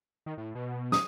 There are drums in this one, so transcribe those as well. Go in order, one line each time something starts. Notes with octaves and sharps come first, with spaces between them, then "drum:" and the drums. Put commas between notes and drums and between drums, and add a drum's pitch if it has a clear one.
D#3
A2
B2
D#6, drum: snare